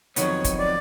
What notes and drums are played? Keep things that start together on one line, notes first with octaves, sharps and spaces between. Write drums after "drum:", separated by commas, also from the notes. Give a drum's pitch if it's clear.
F2 C3 D#3 F#3 B3 C#5, drum: hi-hat
drum: kick, hi-hat
D5